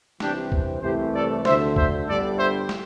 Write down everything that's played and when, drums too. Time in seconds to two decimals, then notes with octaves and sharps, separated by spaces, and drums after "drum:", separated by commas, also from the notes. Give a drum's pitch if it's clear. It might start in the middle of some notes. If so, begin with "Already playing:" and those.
0.20 C2 C3 E3 C4 D4 G4, drum: snare
0.52 drum: kick C#2
0.82 C2 C3 E3 A3 G4 C5
1.14 A4 D5
1.45 D2 D3 A3 C5 E5, drum: snare
1.76 C5 E5, drum: kick C#2
2.07 G1 G2 D3 G3 A4 D5
2.37 C5 E5
2.69 drum: snare